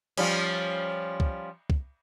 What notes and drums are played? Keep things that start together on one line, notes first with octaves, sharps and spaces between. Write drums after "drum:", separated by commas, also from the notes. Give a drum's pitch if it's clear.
F3 G3 C#4, drum: cymbal
drum: kick
drum: kick